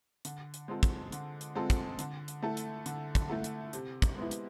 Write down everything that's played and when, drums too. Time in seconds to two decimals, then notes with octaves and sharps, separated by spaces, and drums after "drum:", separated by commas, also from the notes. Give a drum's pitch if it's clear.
0.25 D3, drum: hi-hat
0.54 drum: hi-hat
0.68 G#3 C4 F4 A4
0.83 drum: kick, hi-hat
1.12 D3, drum: hi-hat
1.41 drum: hi-hat
1.55 G#3 C4 F4 A4
1.70 drum: kick, hi-hat
1.99 D3, drum: hi-hat
2.28 drum: hi-hat
2.42 A3 E4 A4
2.57 drum: hi-hat
2.86 D3, drum: hi-hat
3.15 drum: kick, hi-hat
3.30 A3 E4 A4
3.44 drum: hi-hat
3.73 C3, drum: hi-hat
4.02 drum: kick, hi-hat
4.17 G#3 B3 E4
4.31 drum: hi-hat